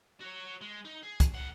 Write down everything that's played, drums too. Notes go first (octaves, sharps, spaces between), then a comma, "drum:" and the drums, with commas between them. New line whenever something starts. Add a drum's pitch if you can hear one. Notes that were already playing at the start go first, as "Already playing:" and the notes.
F#4 C#5
G#3
D#4
G#4
drum: kick, hi-hat
A2 F#5